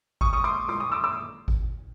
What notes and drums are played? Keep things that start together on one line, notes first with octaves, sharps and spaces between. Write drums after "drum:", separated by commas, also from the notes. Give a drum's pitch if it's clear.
C#6 D#6, drum: kick G#1
C#6 D#6
C6 D6
C6 D6, drum: tom G#3
C#6 D#6
D6 E6
D6 E6
drum: kick G#1